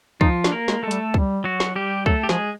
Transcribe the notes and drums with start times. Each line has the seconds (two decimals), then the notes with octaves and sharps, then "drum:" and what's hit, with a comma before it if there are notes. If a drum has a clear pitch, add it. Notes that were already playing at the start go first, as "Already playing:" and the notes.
0.21 F3 D#4 F4, drum: kick
0.44 D4, drum: snare
0.52 A#3 A#4
0.68 G#3, drum: snare
0.83 G#3 A3 A4
0.91 G3, drum: hi-hat
1.14 G3, drum: kick
1.44 F#3 F#4
1.60 drum: snare
1.76 G3 G4
2.06 F#3 A3 A4, drum: kick
2.23 G4
2.29 F3 G#3 G#4, drum: snare